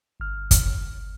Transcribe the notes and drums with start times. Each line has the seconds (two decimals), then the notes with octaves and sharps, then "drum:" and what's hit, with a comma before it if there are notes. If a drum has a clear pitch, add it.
0.20 G1 F6
0.51 drum: kick, hi-hat